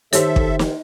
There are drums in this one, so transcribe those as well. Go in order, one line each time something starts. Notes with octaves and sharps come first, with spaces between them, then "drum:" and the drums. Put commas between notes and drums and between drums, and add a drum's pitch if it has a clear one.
D#3 G4 A4 C5 C#5 E5, drum: hi-hat
drum: kick
drum: snare